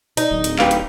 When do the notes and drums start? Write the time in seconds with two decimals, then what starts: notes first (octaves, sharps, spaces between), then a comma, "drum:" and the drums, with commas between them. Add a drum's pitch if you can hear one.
0.17 D#4, drum: hi-hat
0.31 D1
0.44 drum: hi-hat
0.59 G4 B4 F5, drum: clap
0.71 drum: hi-hat